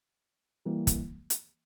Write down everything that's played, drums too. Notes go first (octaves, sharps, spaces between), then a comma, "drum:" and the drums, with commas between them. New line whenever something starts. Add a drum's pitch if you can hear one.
E3 G3 A#3
drum: kick, hi-hat
drum: hi-hat